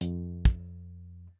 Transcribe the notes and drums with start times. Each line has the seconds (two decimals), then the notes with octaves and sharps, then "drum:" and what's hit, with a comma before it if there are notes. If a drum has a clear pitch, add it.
0.01 F2, drum: hi-hat
0.45 drum: kick